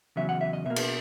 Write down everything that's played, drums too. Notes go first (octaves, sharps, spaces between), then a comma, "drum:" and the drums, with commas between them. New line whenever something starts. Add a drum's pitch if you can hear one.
E2 C#3 F#3 E5
F#5
E5
D#5
B2 A#3 E5
drum: cymbal